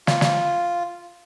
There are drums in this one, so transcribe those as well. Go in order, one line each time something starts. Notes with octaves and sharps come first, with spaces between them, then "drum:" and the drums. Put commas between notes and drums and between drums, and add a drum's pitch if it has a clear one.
F4, drum: snare
drum: snare